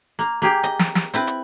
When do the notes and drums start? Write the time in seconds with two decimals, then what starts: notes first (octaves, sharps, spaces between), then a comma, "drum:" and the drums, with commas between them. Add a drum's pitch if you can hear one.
0.19 A#3
0.42 A#3 G4 G#4
0.63 D#5, drum: hi-hat
0.79 drum: snare
0.95 drum: snare
1.14 C4 E4 B4, drum: hi-hat
1.27 drum: hi-hat